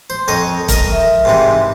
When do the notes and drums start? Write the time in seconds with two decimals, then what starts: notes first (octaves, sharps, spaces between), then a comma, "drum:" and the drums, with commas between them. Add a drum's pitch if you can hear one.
0.10 C5
0.28 F2 C#5 D#5
0.68 A#4 D#5, drum: kick E1, hi-hat
0.92 E5
1.25 G#2 C3 E3